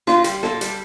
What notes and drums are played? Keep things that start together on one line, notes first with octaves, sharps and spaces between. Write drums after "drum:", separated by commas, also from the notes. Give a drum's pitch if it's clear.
A#2 F4, drum: snare
G3 G4, drum: hi-hat
A#2 A4, drum: snare
G3, drum: hi-hat